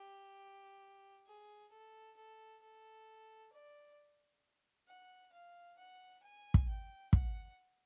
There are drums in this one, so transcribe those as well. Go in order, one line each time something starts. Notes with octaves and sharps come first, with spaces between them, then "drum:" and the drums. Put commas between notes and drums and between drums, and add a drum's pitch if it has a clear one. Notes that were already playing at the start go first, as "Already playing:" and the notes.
Already playing: G4
G#4
A4
A4
A4
D5
F#5
F5
F#5
G#5
drum: kick
G5
F#5, drum: kick